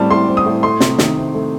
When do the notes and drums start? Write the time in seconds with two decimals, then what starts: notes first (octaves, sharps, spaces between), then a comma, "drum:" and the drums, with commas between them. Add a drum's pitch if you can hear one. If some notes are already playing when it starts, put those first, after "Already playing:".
Already playing: A2 G3 C4 A5
0.10 A2 C6
0.28 C4
0.37 D#6
0.46 A2
0.63 A3 C6
0.80 C3, drum: snare
0.99 D#3, drum: snare
1.17 C4
1.34 A3